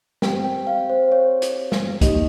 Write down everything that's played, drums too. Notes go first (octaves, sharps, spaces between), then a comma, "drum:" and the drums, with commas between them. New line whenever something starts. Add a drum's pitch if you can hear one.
C4 G4 G5, drum: snare
G5
F5
C5
C#5
drum: hi-hat
drum: snare
A#3 D#4 G4 D#5, drum: kick C2, hi-hat